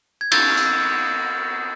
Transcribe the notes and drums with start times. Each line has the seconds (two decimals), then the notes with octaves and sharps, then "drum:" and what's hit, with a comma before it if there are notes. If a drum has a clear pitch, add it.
0.21 G#6
0.31 E6 G6 A6, drum: cymbal
0.57 E6, drum: tambourine